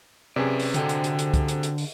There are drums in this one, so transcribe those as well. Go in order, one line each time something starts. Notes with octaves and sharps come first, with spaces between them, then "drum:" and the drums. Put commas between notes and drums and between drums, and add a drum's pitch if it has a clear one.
C3 C#4 G#4 B4 D5
drum: open hi-hat
D3 F#4 C5 G5, drum: hi-hat
drum: hi-hat
drum: hi-hat
drum: hi-hat
drum: kick, hi-hat
drum: hi-hat
drum: hi-hat
drum: open hi-hat